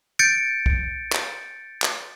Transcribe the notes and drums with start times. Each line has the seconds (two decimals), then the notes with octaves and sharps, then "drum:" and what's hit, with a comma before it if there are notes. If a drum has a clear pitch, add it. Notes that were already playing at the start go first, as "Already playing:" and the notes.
0.19 G6 A6 C#7 D7
0.66 drum: kick
1.12 drum: clap
1.82 drum: clap